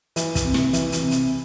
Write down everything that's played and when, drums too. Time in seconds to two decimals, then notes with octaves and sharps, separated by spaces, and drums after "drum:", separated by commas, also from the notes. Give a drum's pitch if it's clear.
0.16 E3, drum: hi-hat
0.35 drum: kick, hi-hat
0.44 C3
0.54 drum: snare
0.73 E3, drum: hi-hat
0.92 drum: hi-hat
1.02 C3
1.11 drum: hi-hat